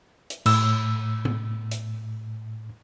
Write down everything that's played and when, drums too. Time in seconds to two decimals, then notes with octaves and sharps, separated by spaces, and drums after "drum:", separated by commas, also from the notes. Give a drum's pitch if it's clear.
0.30 drum: hi-hat
0.46 A2 E6, drum: cymbal
1.25 drum: tom
1.71 drum: hi-hat